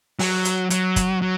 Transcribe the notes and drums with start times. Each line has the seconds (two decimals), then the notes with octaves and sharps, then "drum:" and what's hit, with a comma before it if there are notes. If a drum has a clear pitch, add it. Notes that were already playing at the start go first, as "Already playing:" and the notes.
0.19 F#3, drum: open hi-hat
0.45 drum: hi-hat
0.70 F#3, drum: hi-hat
0.96 drum: kick, hi-hat
1.22 F#3